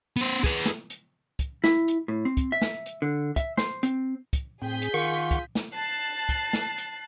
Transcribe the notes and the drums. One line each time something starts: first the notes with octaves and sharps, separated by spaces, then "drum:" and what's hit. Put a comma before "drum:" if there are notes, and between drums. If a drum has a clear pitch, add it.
B3 C5
G#4 B4, drum: kick, hi-hat
drum: snare
drum: hi-hat
drum: kick, hi-hat
E4, drum: snare
drum: hi-hat
A2
C4
drum: kick, hi-hat
E5
drum: snare
drum: hi-hat
D3
E5, drum: kick, hi-hat
C5, drum: snare
C4, drum: hi-hat
drum: kick, hi-hat
A2 C4 G#4 G6 B6
drum: hi-hat
D#3 F4 F#5 C#6
drum: kick, hi-hat
drum: snare
A5 F#6 C7
drum: kick, hi-hat
drum: snare
drum: hi-hat